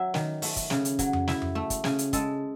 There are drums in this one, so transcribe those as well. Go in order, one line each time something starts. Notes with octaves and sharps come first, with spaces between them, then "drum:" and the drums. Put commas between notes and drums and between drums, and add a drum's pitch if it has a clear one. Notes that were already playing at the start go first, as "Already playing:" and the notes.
Already playing: F#3 E5
D#3, drum: snare
A3, drum: open hi-hat
drum: kick, hi-hat
C#3, drum: snare
drum: hi-hat
F#3, drum: kick, hi-hat
drum: tom F2
E4 E5, drum: snare
drum: tom F2
A3
drum: kick, hi-hat
C#3 G#5, drum: snare
drum: hi-hat
G#3 A4, drum: kick, hi-hat